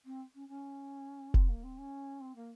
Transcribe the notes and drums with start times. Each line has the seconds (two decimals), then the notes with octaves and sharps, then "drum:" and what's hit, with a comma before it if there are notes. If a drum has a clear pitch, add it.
0.05 C4
0.34 C#4
0.48 C#4
1.34 C4, drum: kick F1
1.49 A#3
1.63 C4
1.77 C#4
2.20 C4
2.35 A#3